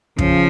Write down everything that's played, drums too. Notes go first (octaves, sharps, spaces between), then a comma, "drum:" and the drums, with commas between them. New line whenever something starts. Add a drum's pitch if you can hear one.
C#3 F3, drum: kick